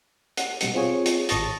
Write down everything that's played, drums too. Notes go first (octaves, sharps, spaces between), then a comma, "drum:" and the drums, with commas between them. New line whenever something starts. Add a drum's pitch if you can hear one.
F#5, drum: hi-hat
B2 G3 C#7, drum: hi-hat
C4 F4 G#4 C#5
drum: hi-hat
G#1 A5 C#6 D#6 A6 A#6, drum: hi-hat